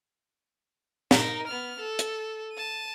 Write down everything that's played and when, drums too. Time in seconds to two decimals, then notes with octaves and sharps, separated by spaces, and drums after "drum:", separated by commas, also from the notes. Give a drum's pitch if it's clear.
1.11 D#4 A#4, drum: snare
1.47 B3 F6
1.80 A4
1.99 drum: hi-hat
2.53 A5 D#7